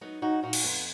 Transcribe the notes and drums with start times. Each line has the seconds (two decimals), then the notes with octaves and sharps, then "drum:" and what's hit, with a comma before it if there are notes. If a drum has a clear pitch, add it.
0.01 F#3 B3 D#4
0.22 F#3 D#4 F#4
0.43 A#2 D#4 F#4
0.53 drum: cymbal
0.64 F2 B3